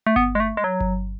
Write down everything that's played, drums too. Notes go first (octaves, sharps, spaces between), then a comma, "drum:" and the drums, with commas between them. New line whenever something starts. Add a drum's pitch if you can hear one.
A3
B3, drum: kick G1
G#3
A3
G#3
F#3
drum: kick G1